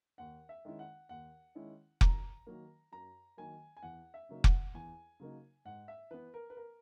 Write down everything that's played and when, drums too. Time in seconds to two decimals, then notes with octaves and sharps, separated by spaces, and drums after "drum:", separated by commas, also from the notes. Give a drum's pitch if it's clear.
0.18 D#2 F#5
0.49 E5
0.65 D#3 G#3 C#4 E4
0.79 F#5
1.09 D#2 F#5
1.55 D#3 G#3 C#4 E4
2.01 F#2 A#5, drum: kick F1
2.47 D#3 F#3 A#3
2.92 F#2 A#5
3.37 D#3 F#3 A#3 G#5
3.77 G#5
3.83 E2 F#5
4.14 E5
4.29 C#3 F#3 A#3 D#4
4.44 F#5, drum: kick F1
4.74 E2 G#5
5.20 C#3 F#3 A#3 D#4
5.65 G#2 F#5
5.88 E5
6.11 E3 B3 B4
6.34 A#4
6.50 B4
6.57 A#4